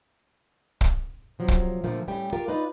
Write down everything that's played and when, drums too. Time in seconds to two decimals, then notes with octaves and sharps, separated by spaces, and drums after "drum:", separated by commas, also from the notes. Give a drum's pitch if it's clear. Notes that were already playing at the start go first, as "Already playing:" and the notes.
0.81 drum: kick
1.39 C3 F3 F#3
1.48 drum: kick
1.84 A#2 D3 F3 A3 A#3
2.08 A2 G3 C#4 G5
2.33 F4 G4 A#4
2.48 D#4 F4 B4 D5